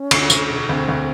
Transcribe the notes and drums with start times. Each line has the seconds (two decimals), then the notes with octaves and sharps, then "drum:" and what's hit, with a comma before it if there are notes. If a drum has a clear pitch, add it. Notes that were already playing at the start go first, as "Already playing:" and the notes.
Already playing: C#4
0.11 D2, drum: cymbal
0.30 D2, drum: tambourine
0.50 E1
0.69 D2 C4
0.89 D2